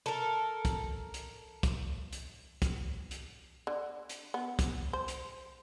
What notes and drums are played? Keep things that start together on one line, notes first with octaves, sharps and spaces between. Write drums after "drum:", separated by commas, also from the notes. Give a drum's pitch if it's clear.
A4 A#4
drum: kick, hi-hat
drum: hi-hat
drum: kick, hi-hat
drum: hi-hat
drum: kick, hi-hat
drum: hi-hat
D3
drum: hi-hat
B3
drum: kick, hi-hat
C5
drum: hi-hat